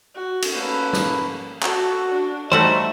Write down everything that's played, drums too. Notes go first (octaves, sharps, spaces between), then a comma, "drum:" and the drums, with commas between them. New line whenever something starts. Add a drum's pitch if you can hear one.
F#4
drum: cymbal
A3 A#3 C#4 B4
drum: snare
F#4 A4, drum: clap
D4
G3 A3 D#4 F#4 C5 E5 A5